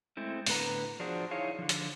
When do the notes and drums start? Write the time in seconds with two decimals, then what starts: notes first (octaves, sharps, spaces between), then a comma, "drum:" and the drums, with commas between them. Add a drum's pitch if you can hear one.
0.17 G#3 A3 C4 E4
0.46 A2 D3 B3 B4 A#5, drum: open hi-hat
1.00 F3 D4 F4 F#4 G#4 C5
1.31 D#4 E4 G#4 C#5 F5
1.59 D3 F3
1.69 drum: hi-hat